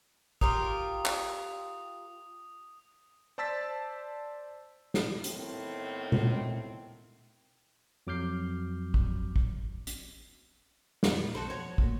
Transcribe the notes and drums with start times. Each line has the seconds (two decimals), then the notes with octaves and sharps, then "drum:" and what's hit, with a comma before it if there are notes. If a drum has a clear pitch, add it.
0.41 F4 G4 A#4 D#6, drum: kick
1.06 drum: clap
3.38 C5 D5 A5 E6 A6 B6
4.94 drum: snare
5.24 A2 D#3 B3 C4, drum: hi-hat
6.12 drum: tom A#2
8.07 F2 F#3 D6 F6 G6 C7
8.94 drum: kick
9.36 drum: kick
9.87 drum: hi-hat
11.03 F2 A#2 G#3, drum: snare
11.35 B1 B2 F#4 A4 C5
11.50 F3 F#4 C#5 G#6
11.78 F#3 A3 A#3, drum: kick